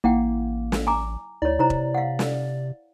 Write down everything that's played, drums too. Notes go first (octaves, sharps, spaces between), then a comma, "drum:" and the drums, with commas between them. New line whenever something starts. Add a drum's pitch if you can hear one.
A1 A#3 E4 F#5 G5
drum: snare
G#5 A#5 D6
D2 E4 C#5 D5
C3 E4 C5 A#5
drum: kick E1
F5 F#5
drum: snare